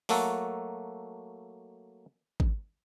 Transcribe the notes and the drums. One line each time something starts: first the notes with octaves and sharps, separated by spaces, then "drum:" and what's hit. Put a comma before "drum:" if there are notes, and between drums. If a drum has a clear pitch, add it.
F#3 A3 A#3 F#4 A4, drum: open hi-hat
drum: kick G#1